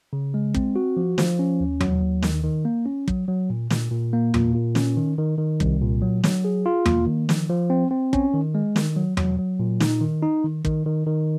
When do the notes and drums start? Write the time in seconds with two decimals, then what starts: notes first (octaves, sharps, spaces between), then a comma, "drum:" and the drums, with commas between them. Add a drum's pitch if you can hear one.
0.13 C#3
0.34 G#3
0.55 C4, drum: kick
0.76 F#4
0.97 F3
1.18 F3, drum: snare
1.39 C#4
1.60 D#2
1.80 F#3, drum: tom E2
2.02 D#2
2.22 D#3, drum: snare
2.44 D#3
2.65 A#3
2.86 C#4
3.08 F#3, drum: kick
3.28 F#3
3.50 A#2
3.70 A#2, drum: snare
3.91 A#2
4.13 A#3
4.34 A#2, drum: tom E2
4.55 A#2
4.75 C#4, drum: snare
4.97 D#3
5.18 D#3
5.38 D#3
5.60 C2, drum: kick
5.81 A#2
6.02 F#3
6.24 F#3, drum: snare
6.45 G#4
6.66 F4
6.86 A#3, drum: tom E2
7.07 D#3
7.29 F3, drum: snare
7.50 F3
7.70 C4
7.91 C4
8.13 C#4, drum: kick
8.34 D#3
8.55 G#3
8.76 D#3, drum: snare
8.96 F#3
9.17 F#3, drum: tom E2
9.39 F#3
9.60 A#2
9.80 D#4, drum: snare
10.01 D#3
10.22 D#4
10.44 D#3
10.65 D#3, drum: kick
10.86 D#3
11.07 D#3